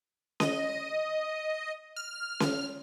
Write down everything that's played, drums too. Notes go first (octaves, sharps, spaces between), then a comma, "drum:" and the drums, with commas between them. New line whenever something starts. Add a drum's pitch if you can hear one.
D#5, drum: snare C#4
F6
drum: snare C#4